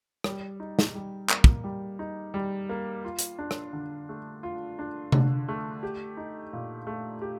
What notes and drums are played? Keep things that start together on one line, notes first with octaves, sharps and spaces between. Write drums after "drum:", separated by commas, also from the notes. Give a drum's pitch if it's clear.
G3, drum: rim click
D#4
drum: snare
G3
A#3, drum: clap
drum: kick
G3
D#4
G3
A#3
F4
drum: hi-hat
D4
drum: rim click
D3
A3
F4
D4
D3, drum: tom C3
A3
G4
D#4
A#2
A3
G4